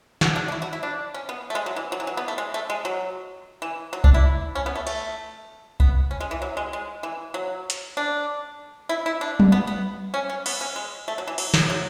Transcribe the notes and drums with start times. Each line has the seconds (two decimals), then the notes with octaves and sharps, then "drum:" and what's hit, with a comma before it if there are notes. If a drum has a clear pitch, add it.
0.21 F#4, drum: snare
0.36 D4
0.48 D4
0.52 E4
0.62 F#4
0.73 E4
0.83 D4
1.14 C#4
1.29 B3
1.50 A3
1.55 G#3
1.66 F#3
1.76 E3
1.92 F#3
2.00 E3
2.07 F#3
2.17 B3
2.28 A3
2.38 G#3
2.54 A3
2.70 G#3
2.85 F#3
3.62 E3
3.93 F#3
4.04 D4, drum: kick C2
4.14 E4
4.55 C#4
4.66 B3
4.75 A3
4.87 A3, drum: cymbal
5.80 B3, drum: kick C2
6.11 C#4
6.20 G#3
6.31 E3
6.42 F#3
6.57 G#3
6.73 G#3
7.03 E3
7.34 F#3
7.70 drum: hi-hat
7.97 D4
8.89 E4
9.06 E4
9.21 D4
9.40 drum: tom F#3
9.52 B3
9.67 B3
10.14 C#4
10.29 C#4
10.46 B3, drum: cymbal
10.61 C#4
10.76 G#3
11.08 A3
11.18 F#3
11.28 E3
11.38 F#3, drum: cymbal
11.54 F#3, drum: snare
11.70 F#3